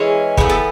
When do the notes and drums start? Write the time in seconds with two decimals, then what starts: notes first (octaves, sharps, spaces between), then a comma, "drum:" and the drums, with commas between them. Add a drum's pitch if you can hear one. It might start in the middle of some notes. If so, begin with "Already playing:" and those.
Already playing: E3 G#3 C#4
0.37 A2 E3 B3 G#4, drum: kick
0.49 A4